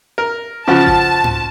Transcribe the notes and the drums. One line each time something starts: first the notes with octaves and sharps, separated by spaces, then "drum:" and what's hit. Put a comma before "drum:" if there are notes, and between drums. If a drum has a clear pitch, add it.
A#4
C#3 F3 F#4 A5
drum: kick G#1
drum: tom G#2